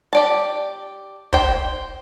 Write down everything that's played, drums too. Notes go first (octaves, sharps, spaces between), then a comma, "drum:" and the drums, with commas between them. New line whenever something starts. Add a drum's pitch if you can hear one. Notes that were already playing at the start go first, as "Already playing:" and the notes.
G4 D5 A5
C5 G5, drum: kick